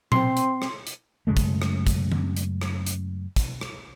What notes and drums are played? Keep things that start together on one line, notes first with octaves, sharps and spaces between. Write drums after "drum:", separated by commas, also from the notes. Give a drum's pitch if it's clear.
C4 C6, drum: tom A#2
drum: hi-hat
drum: rim click
drum: hi-hat
F#2 C#3 G#3 A3
drum: kick, hi-hat
drum: rim click
drum: kick, hi-hat
drum: tom D#3
drum: hi-hat
drum: rim click
drum: hi-hat
drum: kick, hi-hat
drum: rim click